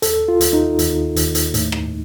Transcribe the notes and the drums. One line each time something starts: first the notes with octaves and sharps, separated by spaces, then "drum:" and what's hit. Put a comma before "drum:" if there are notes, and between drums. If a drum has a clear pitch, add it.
D#2 A4, drum: hi-hat
F4
D#2, drum: hi-hat
D#4
D#2, drum: hi-hat
D#2, drum: hi-hat
drum: hi-hat
A2, drum: hi-hat
drum: rim click